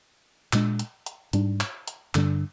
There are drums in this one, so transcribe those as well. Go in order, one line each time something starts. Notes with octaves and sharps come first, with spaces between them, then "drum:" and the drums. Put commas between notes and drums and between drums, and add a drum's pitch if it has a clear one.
A#2 G#3 D4, drum: clap
drum: hi-hat
drum: hi-hat
G#2 G3 D4, drum: hi-hat
drum: clap
drum: hi-hat
G2 D3 G3 D4, drum: clap